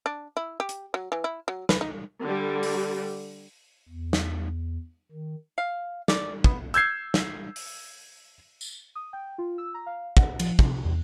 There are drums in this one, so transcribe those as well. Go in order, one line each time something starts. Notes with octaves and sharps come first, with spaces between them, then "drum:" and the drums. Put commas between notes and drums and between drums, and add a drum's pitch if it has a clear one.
D4
E4
G4
drum: hi-hat
F#3
E3
E4
F#3
B4, drum: snare
D#4
D3 G3
drum: open hi-hat
E2
drum: snare
D#3
F5
D5, drum: snare
B3, drum: kick
E6 G6 G#6 C7, drum: hi-hat
drum: snare
drum: open hi-hat
drum: tambourine
D#6
G5
F4
E6
A#5
F5
F#5, drum: kick
F3, drum: cymbal
C3, drum: kick
E2